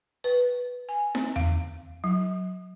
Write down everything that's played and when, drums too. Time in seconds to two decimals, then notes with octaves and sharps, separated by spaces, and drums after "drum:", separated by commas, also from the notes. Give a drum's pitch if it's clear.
0.24 B4
0.89 G#5
1.15 C4, drum: snare D#4
1.36 F5, drum: tom E2
2.04 F#3